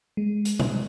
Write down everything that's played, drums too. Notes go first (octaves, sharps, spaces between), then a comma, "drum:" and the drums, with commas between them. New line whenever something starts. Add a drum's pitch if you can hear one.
G#3
drum: hi-hat
drum: tom A#2